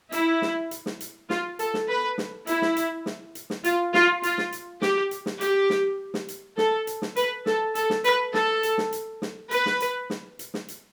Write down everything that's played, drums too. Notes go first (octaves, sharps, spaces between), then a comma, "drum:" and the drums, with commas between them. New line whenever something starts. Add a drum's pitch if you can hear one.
E4, drum: hi-hat
drum: snare
drum: hi-hat
drum: snare
drum: hi-hat
F4, drum: snare
A4, drum: hi-hat
drum: snare
B4
drum: snare
E4, drum: hi-hat
drum: snare
drum: hi-hat
drum: snare
drum: hi-hat
drum: snare
F4, drum: hi-hat
F4, drum: snare
F4, drum: hi-hat
drum: snare
drum: hi-hat
G4, drum: snare
drum: hi-hat
drum: snare
G4, drum: hi-hat
drum: snare
drum: snare
drum: hi-hat
A4, drum: snare
drum: hi-hat
drum: snare
B4, drum: hi-hat
A4, drum: snare
A4, drum: hi-hat
drum: snare
B4, drum: hi-hat
A4, drum: snare
drum: hi-hat
drum: snare
drum: hi-hat
drum: snare
B4, drum: hi-hat
drum: snare
drum: hi-hat
drum: snare
drum: hi-hat
drum: snare
drum: hi-hat